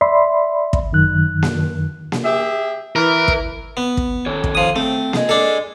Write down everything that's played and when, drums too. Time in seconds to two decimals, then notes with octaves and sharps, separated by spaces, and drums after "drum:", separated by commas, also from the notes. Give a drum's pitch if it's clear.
0.01 D5 E5 B5 C6
0.73 drum: kick
0.92 F#2 D#3 F#6
1.43 drum: snare A#3
2.12 drum: snare A#3
2.24 G4 G#4 E5
2.96 E3 A#4
3.28 drum: kick
3.77 B3
3.97 drum: kick
4.26 D#3 A4 C#5
4.44 drum: kick
4.55 F3 D#6
4.76 A3 C4
5.13 G#4 D#5, drum: snare A#3
5.29 D4 A4